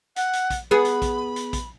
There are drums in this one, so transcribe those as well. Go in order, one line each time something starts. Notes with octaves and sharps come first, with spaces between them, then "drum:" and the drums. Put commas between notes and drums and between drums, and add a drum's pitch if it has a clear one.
F#5, drum: hi-hat
drum: hi-hat
drum: kick A#1, hi-hat
B3 G#4 B5
drum: hi-hat
drum: kick A#1, hi-hat
drum: hi-hat
drum: kick A#1, hi-hat